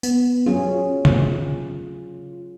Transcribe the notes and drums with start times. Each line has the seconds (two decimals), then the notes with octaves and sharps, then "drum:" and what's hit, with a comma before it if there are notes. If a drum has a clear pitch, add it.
0.03 B3, drum: tambourine
0.46 F#3 C#4 F4 G#4
1.05 drum: tom C#3